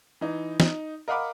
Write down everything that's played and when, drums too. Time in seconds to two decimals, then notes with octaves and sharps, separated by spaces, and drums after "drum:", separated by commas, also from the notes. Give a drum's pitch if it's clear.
0.21 E3 D#4
0.60 D#4, drum: snare
1.08 A#4 D#5 F5 F#5 B5 D6